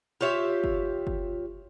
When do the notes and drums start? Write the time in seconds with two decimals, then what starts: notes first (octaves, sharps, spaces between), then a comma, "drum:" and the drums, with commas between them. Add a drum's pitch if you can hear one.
0.21 F4 G4 C#5 E5
0.64 drum: kick F#1
1.07 drum: kick F#1